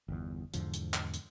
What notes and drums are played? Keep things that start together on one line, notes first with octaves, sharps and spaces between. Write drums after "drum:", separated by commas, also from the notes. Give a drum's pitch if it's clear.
G1 E2
E2 G#2 D3 F3, drum: hi-hat
drum: hi-hat
drum: clap
drum: hi-hat